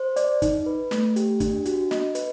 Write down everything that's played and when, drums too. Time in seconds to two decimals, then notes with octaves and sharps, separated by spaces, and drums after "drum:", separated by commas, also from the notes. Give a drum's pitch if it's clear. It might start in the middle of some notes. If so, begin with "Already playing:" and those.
Already playing: C5
0.16 D5, drum: hi-hat
0.42 D#4, drum: kick, hi-hat
0.66 B4
0.91 A3, drum: snare
1.16 G4, drum: hi-hat
1.40 D4, drum: kick, hi-hat
1.65 F#4, drum: hi-hat
1.91 D#5, drum: snare
2.15 B4, drum: hi-hat